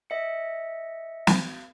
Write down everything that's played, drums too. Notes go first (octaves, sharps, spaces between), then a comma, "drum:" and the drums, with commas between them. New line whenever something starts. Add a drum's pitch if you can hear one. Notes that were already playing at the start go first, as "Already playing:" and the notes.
D#5 E5 C#7
drum: snare